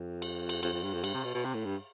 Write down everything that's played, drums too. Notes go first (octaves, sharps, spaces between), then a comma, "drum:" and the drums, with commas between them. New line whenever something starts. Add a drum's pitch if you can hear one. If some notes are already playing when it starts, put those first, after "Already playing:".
Already playing: F2
drum: cymbal
drum: cymbal
F2, drum: cymbal
F2
G2
F2
G2, drum: cymbal
C3
B2
B2
C3
A2
G2